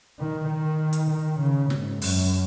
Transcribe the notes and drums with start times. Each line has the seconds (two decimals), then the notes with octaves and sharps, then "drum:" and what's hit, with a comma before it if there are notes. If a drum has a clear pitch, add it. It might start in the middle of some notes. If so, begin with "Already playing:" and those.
0.19 D#3
0.49 D#3
0.93 drum: hi-hat
1.10 D#3
1.41 C#3
1.70 G#2, drum: snare
2.02 F#2, drum: open hi-hat